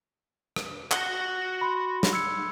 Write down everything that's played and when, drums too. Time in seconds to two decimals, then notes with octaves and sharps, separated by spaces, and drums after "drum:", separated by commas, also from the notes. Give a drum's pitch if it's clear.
0.56 drum: rim click
0.91 F#4 F#5 F#6 G7, drum: clap
1.61 B5 C6
2.03 drum: snare
2.13 E6 G#6 C#7